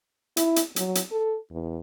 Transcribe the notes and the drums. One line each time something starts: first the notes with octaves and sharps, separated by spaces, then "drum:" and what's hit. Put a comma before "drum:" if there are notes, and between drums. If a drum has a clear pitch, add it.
E4, drum: hi-hat
drum: hi-hat
F#3, drum: hi-hat
drum: hi-hat
A4
E2